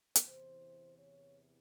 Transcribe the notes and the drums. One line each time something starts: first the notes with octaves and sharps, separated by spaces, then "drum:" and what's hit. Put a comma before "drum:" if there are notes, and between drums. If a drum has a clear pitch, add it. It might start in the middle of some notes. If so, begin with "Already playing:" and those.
E2 C3 E3 C5, drum: hi-hat
C#5